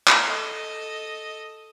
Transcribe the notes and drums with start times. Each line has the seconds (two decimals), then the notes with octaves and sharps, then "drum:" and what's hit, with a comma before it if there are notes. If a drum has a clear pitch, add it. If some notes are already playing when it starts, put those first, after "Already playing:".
0.08 drum: clap
0.25 A4 D#5